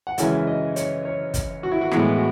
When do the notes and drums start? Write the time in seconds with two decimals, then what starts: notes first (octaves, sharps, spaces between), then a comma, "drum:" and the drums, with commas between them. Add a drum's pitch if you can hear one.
0.07 F#5
0.18 F#2 C#3 E3 G#3 C#4 E5, drum: hi-hat
0.47 D#5
0.76 C#5, drum: hi-hat
1.05 C#5
1.34 drum: kick, hi-hat
1.63 F#4
1.72 E4
1.81 F#4
1.91 A2 E3 G#3 B3 E4, drum: rim click
2.16 F#4